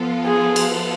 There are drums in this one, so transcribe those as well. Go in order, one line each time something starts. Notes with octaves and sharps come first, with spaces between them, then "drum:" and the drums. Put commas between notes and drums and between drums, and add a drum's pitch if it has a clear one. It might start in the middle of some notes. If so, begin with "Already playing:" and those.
Already playing: F3 B3 F4 A4
G#4
drum: cymbal